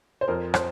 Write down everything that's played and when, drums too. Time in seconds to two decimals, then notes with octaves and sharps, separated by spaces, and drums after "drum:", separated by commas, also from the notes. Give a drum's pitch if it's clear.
0.21 C5
0.28 F2 A#4
0.54 C5, drum: rim click